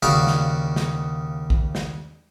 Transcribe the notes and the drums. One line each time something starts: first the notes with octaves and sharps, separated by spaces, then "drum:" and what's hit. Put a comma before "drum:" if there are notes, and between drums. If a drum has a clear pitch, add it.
D#2 C#3 F#4 D5 F5 A5
drum: snare
drum: snare
drum: kick A#1
drum: snare